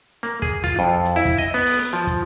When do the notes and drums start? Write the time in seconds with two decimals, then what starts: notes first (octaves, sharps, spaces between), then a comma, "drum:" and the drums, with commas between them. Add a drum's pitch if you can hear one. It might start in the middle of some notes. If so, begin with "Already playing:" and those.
0.23 A#3, drum: hi-hat
0.42 G#4, drum: kick, hi-hat
0.64 F4, drum: kick, hi-hat
0.79 F2
1.05 drum: hi-hat
1.16 E4
1.25 drum: kick, hi-hat
1.38 D#5
1.54 B3
1.66 drum: open hi-hat
1.93 F3
2.07 drum: kick, hi-hat